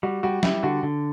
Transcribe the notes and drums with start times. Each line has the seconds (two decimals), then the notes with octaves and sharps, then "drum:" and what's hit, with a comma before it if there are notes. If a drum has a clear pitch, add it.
0.03 G3 F#4
0.23 G3 F#4
0.43 G3 E4, drum: snare
0.63 D3 F#4
0.83 D3